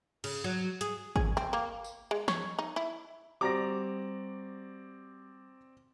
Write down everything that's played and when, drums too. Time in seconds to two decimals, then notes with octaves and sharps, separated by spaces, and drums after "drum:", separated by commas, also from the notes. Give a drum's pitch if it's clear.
0.24 C#3, drum: cymbal
0.44 F#3
0.81 G#4, drum: hi-hat
1.16 G#4, drum: kick G#1
1.37 C4
1.53 A#3
1.84 drum: tambourine
2.11 G#3
2.28 C#5, drum: snare
2.59 D#4
2.76 E4
3.41 G3 C4 F#4 D5 A#5 D6 A#6